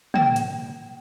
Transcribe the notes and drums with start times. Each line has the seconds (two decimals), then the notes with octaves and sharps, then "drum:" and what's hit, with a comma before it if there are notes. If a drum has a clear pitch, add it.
0.14 A#3 G5, drum: tom
0.36 drum: hi-hat